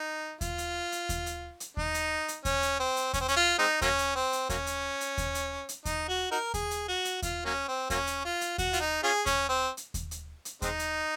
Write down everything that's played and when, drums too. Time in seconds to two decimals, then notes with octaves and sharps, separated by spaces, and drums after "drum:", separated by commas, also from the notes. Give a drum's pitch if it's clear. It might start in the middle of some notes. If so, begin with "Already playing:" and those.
Already playing: D#4
0.41 F4, drum: kick D#2, hi-hat
0.58 drum: hi-hat
0.92 drum: hi-hat
1.09 drum: kick D#2, hi-hat
1.26 drum: hi-hat
1.60 drum: hi-hat
1.77 D#4, drum: kick D#2
1.94 drum: hi-hat
2.28 drum: hi-hat
2.45 C#4, drum: kick D#2, hi-hat
2.62 drum: hi-hat
2.79 C4
2.96 drum: hi-hat
3.13 C#4, drum: kick D#2, hi-hat
3.21 C4
3.28 C#4, drum: hi-hat
3.36 F4
3.59 G#3 C4 D#4
3.82 F#3 A#3 C#4, drum: kick D#2, hi-hat
3.98 drum: hi-hat
4.15 C4
4.32 drum: hi-hat
4.49 F#3 A#3 C#4, drum: kick D#2, hi-hat
4.67 drum: hi-hat
5.01 drum: hi-hat
5.18 drum: kick D#2, hi-hat
5.35 drum: hi-hat
5.69 drum: hi-hat
5.85 D#4, drum: kick D#2, hi-hat
6.08 F#4
6.31 D#4 F#4 A#4
6.54 G#4, drum: kick D#2, hi-hat
6.71 drum: hi-hat
6.88 F#4
7.05 drum: hi-hat
7.22 F4, drum: kick D#2, hi-hat
7.45 F#3 A#3 C#4
7.68 C4
7.90 F#3 A#3 C#4, drum: kick D#2, hi-hat
8.07 drum: hi-hat
8.25 F4
8.41 drum: hi-hat
8.58 F#4, drum: kick D#2, hi-hat
8.73 F4, drum: hi-hat
8.80 D#4
9.03 C#4 F4 G#4
9.26 C#4, drum: kick D#2, hi-hat
9.49 C4
9.77 drum: hi-hat
9.94 drum: kick D#2, hi-hat
10.11 drum: hi-hat
10.45 drum: hi-hat
10.62 G#3 C4 D#4, drum: kick D#2, hi-hat
10.79 drum: hi-hat